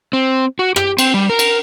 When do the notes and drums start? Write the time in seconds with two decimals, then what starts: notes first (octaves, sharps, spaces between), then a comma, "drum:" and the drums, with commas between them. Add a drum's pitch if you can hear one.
0.13 C4
0.59 F#4
0.76 G4, drum: rim click
0.98 C4, drum: cymbal
1.14 G3
1.29 A#4
1.39 drum: cymbal